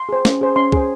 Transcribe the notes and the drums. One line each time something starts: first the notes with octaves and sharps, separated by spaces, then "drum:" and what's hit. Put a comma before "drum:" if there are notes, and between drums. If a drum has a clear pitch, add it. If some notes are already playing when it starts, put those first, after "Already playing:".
Already playing: C6
G#4 C5
C#4, drum: snare
G#4 C5
C#4 C6
G#4 C5, drum: kick